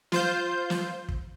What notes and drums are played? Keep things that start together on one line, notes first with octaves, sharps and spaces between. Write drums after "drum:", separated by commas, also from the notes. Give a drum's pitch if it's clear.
F4 C5 G6, drum: snare
drum: snare
drum: kick